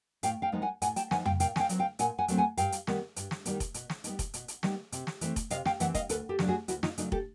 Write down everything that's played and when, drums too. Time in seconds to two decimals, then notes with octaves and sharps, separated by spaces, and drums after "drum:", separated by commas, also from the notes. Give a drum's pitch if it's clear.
0.23 A2 F5 G5, drum: hi-hat
0.42 F5 G5
0.52 F3 G#3 B3 D#4
0.62 F#5 G#5
0.82 A2 F#5 G#5, drum: hi-hat
0.96 G5 A5, drum: hi-hat
1.11 F3 G#3 B3 D#4 F#5 G#5, drum: snare
1.26 F5 G5, drum: tom F2
1.40 A#2 F5 G5, drum: hi-hat
1.56 G#5, drum: snare
1.60 F5 G5
1.69 F#3 A3 C4, drum: hi-hat
1.79 F5 G5
1.99 A#2 F#5 G#5, drum: hi-hat
2.18 F#5 G#5
2.28 F#3 A3 C4, drum: hi-hat
2.38 F#5 G#5
2.57 G2 F5 G5, drum: hi-hat
2.72 drum: hi-hat
2.87 D#3 G3 B3, drum: snare
3.16 G2, drum: hi-hat
3.31 drum: snare
3.45 D#3 G3 B3, drum: hi-hat
3.60 drum: kick F1, hi-hat
3.74 B2, drum: hi-hat
3.90 drum: snare
4.04 G3 B3 D#4, drum: hi-hat
4.19 drum: kick F1, hi-hat
4.34 B2, drum: hi-hat
4.48 drum: hi-hat
4.63 G3 B3 D#4, drum: snare
4.92 C3, drum: hi-hat
5.07 drum: snare
5.21 E3 A3 C4, drum: hi-hat
5.36 drum: kick F1, hi-hat
5.50 C3 D#5 F5, drum: hi-hat
5.65 F5 G5, drum: snare
5.80 E3 A3 C4 E5 F#5, drum: hi-hat
5.95 D#5 F5, drum: kick F1, hi-hat
6.09 D2 A4 B4, drum: hi-hat
6.29 G4 A4
6.39 C#3 F#3 A3 D4, drum: snare
6.48 F#4 G#4
6.68 D2 E4 F#4, drum: hi-hat
6.83 D#4 F4, drum: snare
6.98 C#3 F#3 A3 D4 D#4, drum: hi-hat
7.12 G4 A4, drum: kick F1